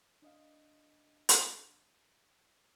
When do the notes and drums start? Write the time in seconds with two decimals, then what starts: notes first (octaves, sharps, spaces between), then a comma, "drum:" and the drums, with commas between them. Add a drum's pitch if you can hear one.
0.22 D4 D#5 F5
1.29 drum: hi-hat